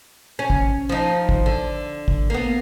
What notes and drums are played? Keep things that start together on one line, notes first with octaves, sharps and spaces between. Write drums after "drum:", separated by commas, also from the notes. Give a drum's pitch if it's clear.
C#4
drum: kick
F3 D#4
drum: kick
D3
drum: kick
A#3 B3